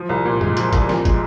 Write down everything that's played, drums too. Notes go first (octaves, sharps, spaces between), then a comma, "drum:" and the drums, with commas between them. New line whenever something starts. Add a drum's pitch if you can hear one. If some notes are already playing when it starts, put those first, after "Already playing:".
Already playing: F3
C2
A#2
G#3, drum: tom F#2
F3, drum: hi-hat
C2, drum: kick, hi-hat
A#2, drum: snare F3
G#3, drum: kick, hi-hat